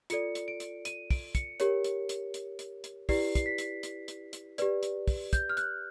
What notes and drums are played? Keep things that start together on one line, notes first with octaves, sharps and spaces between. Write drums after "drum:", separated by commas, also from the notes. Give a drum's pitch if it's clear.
F4 A4 D5 C#7, drum: hi-hat
drum: hi-hat
D7
drum: hi-hat
D#7, drum: hi-hat
D7, drum: kick, open hi-hat
C#7, drum: kick, hi-hat
G4 A#4 C#5, drum: hi-hat
drum: hi-hat
drum: hi-hat
drum: hi-hat
drum: hi-hat
drum: hi-hat
E4 G4 B4 D5 C7, drum: kick, open hi-hat
C7, drum: kick, hi-hat
B6
drum: hi-hat
drum: hi-hat
drum: hi-hat
drum: hi-hat
G4 B4 D5, drum: hi-hat
drum: hi-hat
drum: kick, open hi-hat
G6, drum: kick, hi-hat
F6
F#6, drum: hi-hat